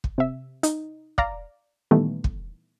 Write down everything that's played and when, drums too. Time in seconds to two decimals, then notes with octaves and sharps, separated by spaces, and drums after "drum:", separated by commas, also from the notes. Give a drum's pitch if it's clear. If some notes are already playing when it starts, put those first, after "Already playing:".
0.04 drum: kick
0.18 C3 E5
0.63 D#4, drum: hi-hat
1.18 D5 F5 A#5, drum: kick
1.91 A#2 D#3 E3 G3 A3 B3
2.24 drum: kick